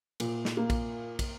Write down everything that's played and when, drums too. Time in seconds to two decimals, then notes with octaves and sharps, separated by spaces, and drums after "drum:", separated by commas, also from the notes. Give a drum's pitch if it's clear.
0.20 A#2, drum: cymbal
0.45 drum: snare
0.57 A#3
0.70 drum: kick, cymbal
1.19 drum: kick, cymbal